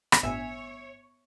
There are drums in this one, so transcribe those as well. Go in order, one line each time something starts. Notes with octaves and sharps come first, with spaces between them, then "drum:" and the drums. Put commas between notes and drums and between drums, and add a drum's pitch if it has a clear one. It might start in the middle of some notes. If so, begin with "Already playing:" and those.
drum: rim click
G1 A2 B3 C#5 E5 G#5 G#6 E7